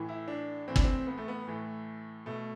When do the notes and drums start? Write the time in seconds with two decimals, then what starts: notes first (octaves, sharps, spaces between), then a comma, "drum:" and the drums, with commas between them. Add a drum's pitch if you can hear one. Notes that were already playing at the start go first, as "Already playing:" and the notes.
Already playing: A2 E3
0.09 E4
0.28 D4
0.68 A2 E3 C4
0.76 D4, drum: kick
0.84 C4
1.07 B3
1.18 A3
1.28 B3
1.47 A2 E3 A3
2.26 B2 A3